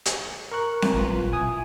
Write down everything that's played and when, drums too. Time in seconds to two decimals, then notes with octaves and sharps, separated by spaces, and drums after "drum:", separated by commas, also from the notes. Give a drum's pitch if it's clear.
0.05 drum: hi-hat
0.52 A#4 C#6 F#6
0.82 drum: snare C4
0.93 A#1 F#3 F4 B4
1.33 B2 E4 G#5 D#6